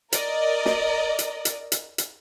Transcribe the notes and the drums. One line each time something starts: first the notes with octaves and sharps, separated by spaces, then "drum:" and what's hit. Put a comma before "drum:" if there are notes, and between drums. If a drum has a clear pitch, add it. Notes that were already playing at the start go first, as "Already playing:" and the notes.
A#4 D5 D#5, drum: hi-hat
drum: snare
drum: hi-hat
drum: hi-hat
drum: hi-hat
drum: hi-hat